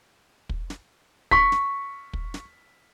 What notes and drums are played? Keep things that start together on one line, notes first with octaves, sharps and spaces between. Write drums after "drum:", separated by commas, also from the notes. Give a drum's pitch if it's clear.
drum: kick
drum: snare
C#6 B6, drum: kick
drum: snare
drum: kick
drum: snare